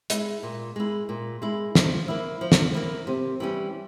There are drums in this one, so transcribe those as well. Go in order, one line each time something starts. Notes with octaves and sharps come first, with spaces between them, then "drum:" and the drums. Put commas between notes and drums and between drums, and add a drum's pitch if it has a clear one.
G#3 E4, drum: hi-hat
A#2
G#3 E4
A#2
G#3 E4
F3, drum: snare
A#3 E4
F3
drum: snare
A#3 E4
C3
E3 G3 C#4